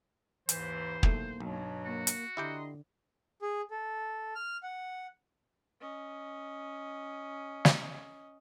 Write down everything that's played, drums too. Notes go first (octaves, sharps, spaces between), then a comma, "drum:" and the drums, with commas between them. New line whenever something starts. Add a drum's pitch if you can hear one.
D#2 G#2 E3 C5, drum: hi-hat
B1 E2 A3 A#3, drum: kick
B1 G2 B2 F#3
A#3 F#4
drum: hi-hat
D3 E4 G4 D#5 G5 A#5 C6
G#4
A4
F6
F#5
C#4 D#5
drum: snare